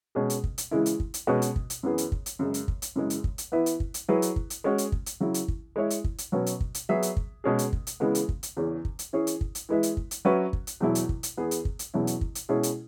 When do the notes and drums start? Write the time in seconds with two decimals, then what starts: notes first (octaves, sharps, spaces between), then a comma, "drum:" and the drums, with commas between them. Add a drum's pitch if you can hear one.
0.15 B2 G#3 C#4 G#4
0.30 drum: hi-hat
0.44 drum: kick
0.58 drum: hi-hat
0.71 C#3 E3 G#3 E4
0.86 drum: hi-hat
1.00 drum: kick
1.14 drum: hi-hat
1.27 B2 G#3 C#4 F#4 B4
1.42 drum: hi-hat
1.56 drum: kick
1.70 drum: hi-hat
1.83 F#2 E3 B3 G#4
1.98 drum: hi-hat
2.12 drum: kick
2.26 drum: hi-hat
2.39 F#2 C#3 G#3
2.54 drum: hi-hat
2.68 drum: kick
2.82 drum: hi-hat
2.96 F#2 C#3 E3 G#3
3.10 drum: hi-hat
3.24 drum: kick
3.38 drum: hi-hat
3.52 E3 B3 E4 B4 E5
3.66 drum: hi-hat
3.80 drum: kick
3.94 drum: hi-hat
4.09 F#3 E4 G#4 B4
4.22 drum: hi-hat
4.36 drum: kick
4.50 drum: hi-hat
4.64 G#3 C#4 F#4
4.78 drum: hi-hat
4.92 drum: kick
5.06 drum: hi-hat
5.20 C#3 F#3 E4
5.34 drum: hi-hat
5.48 drum: kick
5.76 G#3 E4 C#5 E5
5.90 drum: hi-hat
6.04 drum: kick
6.18 drum: hi-hat
6.32 B2 F#3 C#4 F#4 B4
6.46 drum: hi-hat
6.60 drum: kick
6.74 drum: hi-hat
6.89 F#3 B3 G#4 E5
7.03 drum: hi-hat
7.17 drum: kick
7.44 B2 G#3 C#4 G#4
7.59 drum: hi-hat
7.73 drum: kick
7.87 drum: hi-hat
8.00 C#3 E3 G#3 B3
8.15 drum: hi-hat
8.29 drum: kick
8.43 drum: hi-hat
8.57 E2 C#3 E3 C#4
8.85 drum: kick
8.99 drum: hi-hat
9.13 E3 C#4 E4 G#4 C#5
9.27 drum: hi-hat
9.41 drum: kick
9.55 drum: hi-hat
9.69 E3 G#3 E4 B4 E5
9.83 drum: hi-hat
9.97 drum: kick
10.11 drum: hi-hat
10.25 F#3 C#4 F#4 B4 E5
10.53 drum: kick
10.67 drum: hi-hat
10.80 E2 B2 F#3 E4
10.95 drum: hi-hat
11.09 drum: kick
11.23 drum: hi-hat
11.37 E2 E3 B3 G#4
11.51 drum: hi-hat
11.65 drum: kick
11.79 drum: hi-hat
11.94 E2 B2 F#3 C#4 E4
12.07 drum: hi-hat
12.21 drum: kick
12.35 drum: hi-hat
12.49 B2 G#3 C#4 E4 G#4
12.63 drum: hi-hat